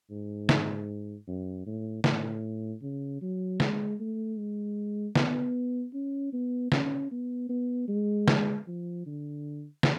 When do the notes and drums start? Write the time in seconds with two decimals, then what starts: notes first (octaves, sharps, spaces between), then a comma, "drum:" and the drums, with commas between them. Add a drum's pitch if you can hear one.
0.11 G#2
0.49 drum: snare
1.27 F#2
1.66 A2
2.04 A2, drum: snare
2.82 C#3
3.21 F#3
3.60 G#3, drum: snare
4.00 A3
4.38 G#3
5.16 B3, drum: snare
5.93 C#4
6.33 B3
6.72 C#4, drum: snare
7.11 B3
7.49 B3
7.88 G#3
8.28 drum: snare
8.67 F3
9.06 D3
9.83 drum: snare